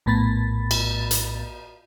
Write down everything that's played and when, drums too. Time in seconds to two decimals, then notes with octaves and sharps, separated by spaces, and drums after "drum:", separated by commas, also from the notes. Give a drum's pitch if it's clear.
0.06 A#1 A2 B3 B5 A6
0.71 drum: cymbal
1.11 drum: hi-hat